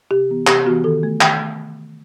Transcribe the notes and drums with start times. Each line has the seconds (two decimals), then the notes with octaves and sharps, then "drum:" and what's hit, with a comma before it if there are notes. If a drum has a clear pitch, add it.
0.11 C3 G4
0.29 E3 B3
0.47 C3 G4, drum: clap
0.65 E3 B3 F#4
0.84 D#3 A4
1.03 A3
1.21 D#3 G5, drum: clap
1.40 A3